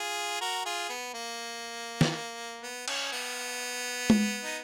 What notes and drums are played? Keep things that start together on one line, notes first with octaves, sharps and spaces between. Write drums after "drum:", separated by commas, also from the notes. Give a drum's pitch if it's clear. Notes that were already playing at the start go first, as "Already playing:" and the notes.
Already playing: F4 G#4
F#4 A#4
F4 G#4
B3
A#3
drum: snare
B3
C#4, drum: cymbal
B3
drum: tom G#3
D#4